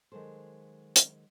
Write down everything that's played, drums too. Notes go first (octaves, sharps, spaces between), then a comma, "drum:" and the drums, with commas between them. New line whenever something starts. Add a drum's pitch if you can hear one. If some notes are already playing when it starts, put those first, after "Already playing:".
D#3 F#3 G#3 A4 C5
drum: hi-hat